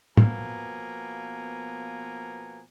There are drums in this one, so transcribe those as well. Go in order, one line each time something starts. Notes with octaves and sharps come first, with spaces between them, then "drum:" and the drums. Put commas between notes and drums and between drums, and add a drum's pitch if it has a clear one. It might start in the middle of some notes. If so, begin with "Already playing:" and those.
B2 F3 A#3 B3 G#5 A#5, drum: tom